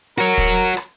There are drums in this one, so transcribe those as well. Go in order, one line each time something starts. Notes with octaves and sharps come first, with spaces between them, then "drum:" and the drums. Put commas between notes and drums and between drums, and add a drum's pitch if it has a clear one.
F#4 A#4 C#5
drum: kick
drum: rim click